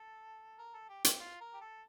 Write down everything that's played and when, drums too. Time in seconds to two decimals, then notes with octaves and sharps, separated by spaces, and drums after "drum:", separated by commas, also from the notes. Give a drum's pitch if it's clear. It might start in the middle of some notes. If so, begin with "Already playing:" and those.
Already playing: A4
0.59 A#4
0.73 A4
0.89 G4
1.04 G4, drum: hi-hat
1.20 F4
1.40 A#4
1.54 G4
1.61 A4